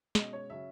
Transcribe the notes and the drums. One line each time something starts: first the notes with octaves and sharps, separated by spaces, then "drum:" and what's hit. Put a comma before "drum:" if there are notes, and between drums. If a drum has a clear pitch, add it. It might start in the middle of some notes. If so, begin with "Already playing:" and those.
B2 G#3 C#4 D#5, drum: snare
C#5
C#3 F#3 C#4 E5